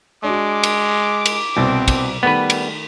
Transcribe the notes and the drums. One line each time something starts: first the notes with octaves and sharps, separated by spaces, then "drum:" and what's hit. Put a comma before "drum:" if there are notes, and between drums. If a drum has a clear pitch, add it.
G#3 D4 F#4 D6
drum: cymbal
drum: cymbal
C2 B2 C4
drum: kick, cymbal
D#3 G3 A3 B3 B4
drum: cymbal